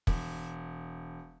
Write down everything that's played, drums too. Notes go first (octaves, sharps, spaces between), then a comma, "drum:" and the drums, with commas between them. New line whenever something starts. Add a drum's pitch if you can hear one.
E1, drum: kick